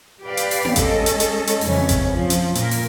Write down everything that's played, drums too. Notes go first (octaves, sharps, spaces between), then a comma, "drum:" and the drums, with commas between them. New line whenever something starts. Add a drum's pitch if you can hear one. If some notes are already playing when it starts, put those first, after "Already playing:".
G4 B4 D5 F5
drum: hi-hat
drum: open hi-hat
drum: tom A#3
G#3 C#4 A4 D#5, drum: kick G#1, hi-hat
drum: hi-hat
drum: hi-hat
drum: hi-hat
F2 C#3 E3 C#4, drum: open hi-hat
drum: kick G#1, hi-hat
F3
drum: hi-hat
A#2 A#4, drum: hi-hat
drum: open hi-hat